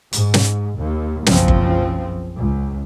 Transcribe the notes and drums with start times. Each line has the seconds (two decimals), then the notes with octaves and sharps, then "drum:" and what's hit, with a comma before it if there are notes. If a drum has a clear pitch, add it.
0.13 G#2, drum: hi-hat
0.34 drum: snare
0.78 D#2
1.26 F#1 B1 C#3 F3 C4, drum: snare
1.48 drum: kick G1
2.39 C#2